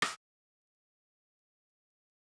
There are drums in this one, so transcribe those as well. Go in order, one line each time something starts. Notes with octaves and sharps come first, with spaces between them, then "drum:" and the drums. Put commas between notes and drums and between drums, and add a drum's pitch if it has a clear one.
drum: rim click
G#2 G#4
A#3 C6
F#4 G4
B4 C#5
D4 E4 F4 A#4 C5
C#3 G#3 B3 D#4 C5